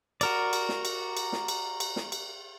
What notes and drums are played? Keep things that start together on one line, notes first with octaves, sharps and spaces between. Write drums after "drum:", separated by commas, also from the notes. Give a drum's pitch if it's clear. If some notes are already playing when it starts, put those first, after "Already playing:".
F#4 A#4 D5, drum: cymbal
drum: cymbal
drum: snare
drum: cymbal
drum: cymbal
drum: snare
drum: cymbal
drum: cymbal
drum: snare
drum: cymbal